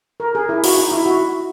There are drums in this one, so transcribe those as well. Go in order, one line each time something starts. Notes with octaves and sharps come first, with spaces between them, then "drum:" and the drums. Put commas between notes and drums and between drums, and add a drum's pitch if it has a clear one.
A#4
G#4
E4
F#4, drum: open hi-hat
D#4
E4
F#4